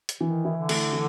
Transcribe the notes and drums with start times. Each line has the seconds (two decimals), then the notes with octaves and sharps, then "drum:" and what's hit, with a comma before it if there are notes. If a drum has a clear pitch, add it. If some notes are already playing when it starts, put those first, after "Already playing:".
0.09 drum: hi-hat
0.21 D#3 E3
0.45 E4
0.56 D3
0.69 A3, drum: cymbal
0.93 E3